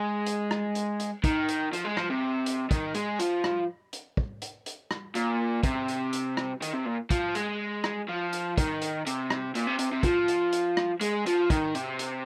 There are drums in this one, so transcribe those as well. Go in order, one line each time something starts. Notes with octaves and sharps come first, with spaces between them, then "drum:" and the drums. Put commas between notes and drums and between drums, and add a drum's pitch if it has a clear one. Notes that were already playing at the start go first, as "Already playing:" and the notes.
Already playing: G#3
drum: hi-hat
drum: rim click
drum: hi-hat
drum: hi-hat
D#3, drum: kick, hi-hat
drum: hi-hat
F3, drum: hi-hat
G#3
F3, drum: rim click
C3
drum: hi-hat
D#3, drum: kick, hi-hat
G#3, drum: hi-hat
F3, drum: hi-hat
drum: rim click
drum: hi-hat
drum: kick
drum: hi-hat
drum: hi-hat
drum: rim click
A#2, drum: hi-hat
C3, drum: kick, hi-hat
drum: hi-hat
drum: hi-hat
drum: rim click
D#3, drum: hi-hat
C3
A#2
F3, drum: kick, hi-hat
G#3, drum: hi-hat
drum: rim click
F3
drum: hi-hat
D#3, drum: kick, hi-hat
drum: hi-hat
C3, drum: hi-hat
drum: rim click
A#2, drum: hi-hat
C3
C3, drum: hi-hat
C3
F3, drum: kick, hi-hat
drum: hi-hat
drum: hi-hat
drum: rim click
G#3, drum: hi-hat
F3, drum: hi-hat
D#3, drum: kick, hi-hat
C3, drum: hi-hat
drum: hi-hat